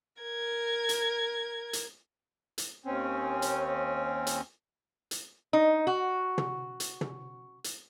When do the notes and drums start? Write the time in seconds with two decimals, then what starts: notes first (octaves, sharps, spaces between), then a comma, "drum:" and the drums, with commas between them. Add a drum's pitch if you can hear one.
0.22 A#4 G#6
0.89 drum: hi-hat
1.73 drum: hi-hat
2.58 drum: hi-hat
2.85 D#2 C4 C#4
3.42 drum: hi-hat
4.27 drum: hi-hat
5.11 drum: hi-hat
5.53 D#4
5.87 F#4
6.38 drum: tom
6.80 drum: hi-hat
7.01 drum: tom
7.64 drum: hi-hat